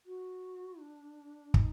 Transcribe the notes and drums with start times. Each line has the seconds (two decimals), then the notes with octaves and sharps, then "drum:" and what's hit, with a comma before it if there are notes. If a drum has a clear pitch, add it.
0.06 F#4
0.80 D4
1.54 D#4, drum: kick